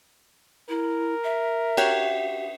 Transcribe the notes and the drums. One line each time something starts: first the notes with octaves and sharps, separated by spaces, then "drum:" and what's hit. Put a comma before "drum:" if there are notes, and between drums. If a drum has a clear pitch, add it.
E4 A#4
E5
F#4 G4 C#5, drum: cymbal